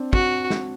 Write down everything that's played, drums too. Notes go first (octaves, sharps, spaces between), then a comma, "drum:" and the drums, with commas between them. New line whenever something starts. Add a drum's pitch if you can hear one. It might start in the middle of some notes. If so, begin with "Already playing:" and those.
Already playing: C4 D4
F#4, drum: kick
drum: snare